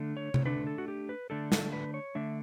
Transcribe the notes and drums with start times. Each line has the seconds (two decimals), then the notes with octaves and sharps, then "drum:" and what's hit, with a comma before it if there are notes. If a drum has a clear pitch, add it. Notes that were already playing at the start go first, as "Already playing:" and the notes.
Already playing: D3 A3 D4
0.17 C#5
0.34 drum: tom C3
0.45 D3 A3 D4 B4
0.67 A4
0.78 F#4
0.88 G4
1.09 B4
1.30 D3 A3 D4 A4
1.52 A4, drum: snare
1.73 B4
1.94 C#5
2.15 D3 A3 D4 E5